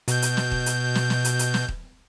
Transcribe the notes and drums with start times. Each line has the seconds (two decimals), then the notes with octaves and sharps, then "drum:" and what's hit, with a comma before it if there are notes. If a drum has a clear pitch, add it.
0.08 B2 G6, drum: hi-hat
0.22 drum: hi-hat
0.37 drum: snare
0.52 drum: kick D#1
0.66 drum: hi-hat
0.95 drum: snare
1.10 drum: snare
1.25 drum: hi-hat
1.39 drum: hi-hat
1.54 drum: snare
1.68 drum: kick D#1